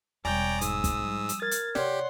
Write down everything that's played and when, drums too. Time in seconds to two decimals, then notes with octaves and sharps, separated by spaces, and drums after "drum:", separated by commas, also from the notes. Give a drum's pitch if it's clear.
0.25 E1 G3 C#5 D5 G5 G#5 A#5
0.61 G#2 D#6 E6, drum: hi-hat
0.84 drum: kick, hi-hat
0.98 F3 G3
1.29 drum: hi-hat
1.42 A#4 F6 G#6 A6
1.51 drum: hi-hat
1.75 C3 G4 C#5 D5 F#5 C6, drum: snare